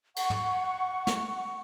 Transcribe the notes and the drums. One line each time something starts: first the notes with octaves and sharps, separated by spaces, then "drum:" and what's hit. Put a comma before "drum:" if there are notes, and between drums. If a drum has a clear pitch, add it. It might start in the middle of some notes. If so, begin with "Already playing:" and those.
F#5 C#6, drum: cymbal
drum: tom
drum: snare